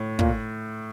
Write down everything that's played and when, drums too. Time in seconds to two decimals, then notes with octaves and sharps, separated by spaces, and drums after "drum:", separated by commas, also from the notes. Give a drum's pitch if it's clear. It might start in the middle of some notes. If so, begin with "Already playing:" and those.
Already playing: A2
0.19 A#2, drum: kick